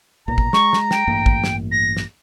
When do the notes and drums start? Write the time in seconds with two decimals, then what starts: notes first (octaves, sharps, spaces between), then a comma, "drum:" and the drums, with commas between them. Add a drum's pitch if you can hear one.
0.28 B1 A#2 A#5
0.38 drum: kick
0.53 G#3 C#6, drum: snare
0.73 drum: snare
0.91 G5, drum: snare
1.07 A1 G2 A#3
1.26 drum: kick
1.44 drum: snare
1.71 A#6
1.97 drum: snare